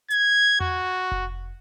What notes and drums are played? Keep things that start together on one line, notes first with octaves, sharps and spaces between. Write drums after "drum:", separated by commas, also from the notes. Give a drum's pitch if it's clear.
G#6, drum: hi-hat
F#4, drum: tom E2
drum: kick F1